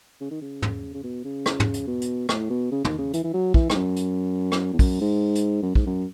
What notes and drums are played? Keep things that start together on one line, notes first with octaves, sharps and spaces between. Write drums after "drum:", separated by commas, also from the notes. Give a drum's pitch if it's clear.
C#3
D#3
C#3
drum: tom
C#3
B2
C#3
drum: rim click
drum: tom
drum: hi-hat
B2
drum: hi-hat
A2, drum: rim click
B2
C#3
D#3, drum: tom
C#3
E3, drum: hi-hat
E3
F#3
E3, drum: kick
G#2, drum: rim click
F#2
drum: hi-hat
drum: rim click
E2
F#2, drum: kick, open hi-hat
G#2
drum: hi-hat
F#2
G#2, drum: kick
F#2